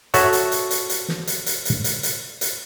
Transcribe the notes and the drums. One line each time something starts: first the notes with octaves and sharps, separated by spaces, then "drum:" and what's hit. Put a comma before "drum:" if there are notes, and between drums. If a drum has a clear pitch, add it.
F#4 A4 C#5 E5, drum: hi-hat
drum: hi-hat
drum: hi-hat
drum: hi-hat
drum: hi-hat
drum: snare
drum: hi-hat
drum: hi-hat
drum: hi-hat
drum: hi-hat
drum: hi-hat
drum: hi-hat